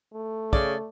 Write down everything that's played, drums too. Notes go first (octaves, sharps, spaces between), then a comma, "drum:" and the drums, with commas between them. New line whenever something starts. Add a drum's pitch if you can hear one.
A3
C#3 D5, drum: kick